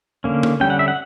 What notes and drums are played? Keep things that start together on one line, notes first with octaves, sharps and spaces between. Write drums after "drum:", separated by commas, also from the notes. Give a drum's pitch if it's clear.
D3 A#3 C#4
drum: tom C#3
D3 G3 C#4 G5
F#5
E5
F#5